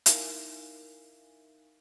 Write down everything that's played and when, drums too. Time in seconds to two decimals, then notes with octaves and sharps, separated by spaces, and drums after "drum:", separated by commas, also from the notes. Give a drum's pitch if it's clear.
0.06 D#4 E4 A#4 E5 F5 G#5, drum: hi-hat